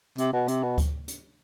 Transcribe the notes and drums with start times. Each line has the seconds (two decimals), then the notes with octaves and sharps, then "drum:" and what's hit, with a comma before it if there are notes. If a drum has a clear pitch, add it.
0.18 C3, drum: hi-hat
0.33 B2
0.48 C3, drum: hi-hat
0.63 B2
0.78 drum: kick D2, hi-hat
1.08 drum: hi-hat